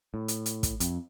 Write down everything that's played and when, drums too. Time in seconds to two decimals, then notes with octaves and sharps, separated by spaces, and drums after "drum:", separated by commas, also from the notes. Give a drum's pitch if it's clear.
0.14 A2
0.28 drum: hi-hat
0.46 drum: hi-hat
0.63 drum: kick, hi-hat
0.80 F2, drum: hi-hat